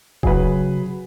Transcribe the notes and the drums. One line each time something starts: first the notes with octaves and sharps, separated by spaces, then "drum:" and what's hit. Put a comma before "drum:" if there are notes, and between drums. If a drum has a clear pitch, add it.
C#3 F#3 G#4 B4, drum: kick D#1